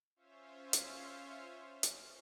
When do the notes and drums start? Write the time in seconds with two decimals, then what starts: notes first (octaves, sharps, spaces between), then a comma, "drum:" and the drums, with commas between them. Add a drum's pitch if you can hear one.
0.16 C#4 F4 C5 C#5 E5 F5
0.73 drum: hi-hat
1.83 drum: hi-hat